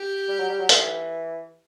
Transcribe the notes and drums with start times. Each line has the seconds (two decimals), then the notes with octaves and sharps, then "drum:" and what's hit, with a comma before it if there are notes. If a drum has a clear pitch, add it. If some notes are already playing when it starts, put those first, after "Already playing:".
Already playing: G4
0.28 G3
0.39 F#3
0.49 G3
0.59 F#3
0.69 E3, drum: hi-hat